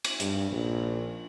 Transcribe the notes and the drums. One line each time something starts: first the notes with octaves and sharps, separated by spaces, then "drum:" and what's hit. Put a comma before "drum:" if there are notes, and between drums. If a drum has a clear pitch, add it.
drum: cymbal
G2, drum: hi-hat
A#1